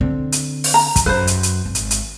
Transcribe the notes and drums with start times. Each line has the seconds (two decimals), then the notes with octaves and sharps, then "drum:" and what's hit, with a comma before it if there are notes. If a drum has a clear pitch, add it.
0.01 D3 C4
0.32 drum: hi-hat
0.64 drum: open hi-hat
0.74 A#5
0.96 drum: kick, hi-hat
1.06 F#2 B4 C5
1.27 drum: hi-hat
1.43 drum: hi-hat
1.66 G#1
1.75 drum: hi-hat
1.91 drum: hi-hat